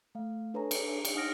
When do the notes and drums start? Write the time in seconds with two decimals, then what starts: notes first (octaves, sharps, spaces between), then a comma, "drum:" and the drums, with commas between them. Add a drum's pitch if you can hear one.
0.15 A3 F5
0.54 D4 A4 B4 C#5 G#5 A#5
0.71 drum: cymbal
1.05 drum: cymbal
1.15 D#4 F#5 D#6 F6 A#6 D7